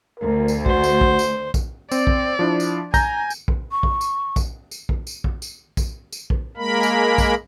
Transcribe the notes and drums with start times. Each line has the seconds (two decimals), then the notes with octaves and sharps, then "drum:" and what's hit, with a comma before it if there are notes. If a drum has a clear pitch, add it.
0.20 D2 A#4
0.48 drum: tambourine
0.66 F#4 C5, drum: kick A#1
0.84 drum: tambourine
1.01 drum: kick A#1
1.19 drum: tambourine
1.54 drum: kick A#1, tambourine
1.91 C4 D5, drum: tambourine
2.07 drum: kick A#1
2.39 F3 D4 E4
2.60 drum: tambourine
2.94 G#5 A#5 G6 A#6, drum: kick A#1, tambourine
3.30 drum: tambourine
3.48 drum: kick A#1
3.71 C#6
3.83 drum: kick A#1
4.01 drum: tambourine
4.36 drum: kick A#1, tambourine
4.71 drum: tambourine
4.89 drum: kick A#1
5.07 drum: tambourine
5.24 drum: kick A#1
5.42 drum: tambourine
5.77 drum: kick A#1, tambourine
6.12 drum: tambourine
6.30 drum: kick A#1
6.57 G#3 A#3 A#4 B5
6.83 drum: tambourine
7.18 drum: kick A#1, tambourine